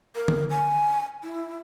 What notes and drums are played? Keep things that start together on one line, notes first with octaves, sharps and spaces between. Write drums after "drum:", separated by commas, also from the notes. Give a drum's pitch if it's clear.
A#4
drum: tom D3
G#5
E4